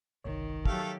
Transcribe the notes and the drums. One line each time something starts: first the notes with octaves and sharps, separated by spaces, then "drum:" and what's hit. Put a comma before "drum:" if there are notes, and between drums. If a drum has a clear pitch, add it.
G1 C2 D#3 C#5
F#3 A3 G4 A4 F5, drum: kick